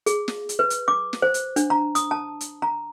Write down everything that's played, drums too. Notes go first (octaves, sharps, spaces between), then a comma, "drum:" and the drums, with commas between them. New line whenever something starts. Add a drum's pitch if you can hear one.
G#4, drum: hi-hat
drum: snare
drum: hi-hat
B4
drum: hi-hat
D6
drum: snare
C5
drum: hi-hat
D4, drum: hi-hat
A#5
D#6, drum: hi-hat
A5
drum: hi-hat
A#5